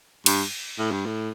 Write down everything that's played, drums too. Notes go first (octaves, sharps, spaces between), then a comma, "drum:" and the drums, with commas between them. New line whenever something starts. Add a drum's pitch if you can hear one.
G2, drum: cymbal
A2
G2
A2